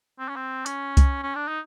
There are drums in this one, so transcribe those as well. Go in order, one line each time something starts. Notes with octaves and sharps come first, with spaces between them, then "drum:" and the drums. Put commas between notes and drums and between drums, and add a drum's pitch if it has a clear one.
C4
C#4
C4
C#4, drum: hi-hat
drum: kick C2, hi-hat
C#4
D4
D#4